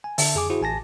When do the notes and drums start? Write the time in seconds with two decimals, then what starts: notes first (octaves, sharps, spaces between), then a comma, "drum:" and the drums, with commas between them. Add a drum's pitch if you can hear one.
0.04 G#5
0.18 D3 E5 A5, drum: open hi-hat
0.35 F2 G#4 G#5 D6
0.50 E4 F#4 G#4 C5
0.62 A1 G#5 A5 A#6